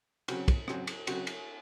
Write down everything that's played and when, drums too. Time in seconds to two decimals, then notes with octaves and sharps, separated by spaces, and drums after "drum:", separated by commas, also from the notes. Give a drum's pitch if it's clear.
0.28 C#3 F#3 C4 F#4, drum: cymbal
0.48 drum: kick, cymbal
0.68 C#3 F#3 C4 F#4, drum: rim click
0.87 drum: cymbal
1.07 C#3 F#3 C4 F#4, drum: cymbal
1.27 drum: cymbal